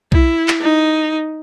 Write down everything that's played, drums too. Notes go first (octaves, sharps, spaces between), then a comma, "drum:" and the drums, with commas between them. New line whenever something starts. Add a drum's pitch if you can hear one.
E4, drum: kick B1
drum: clap
D#4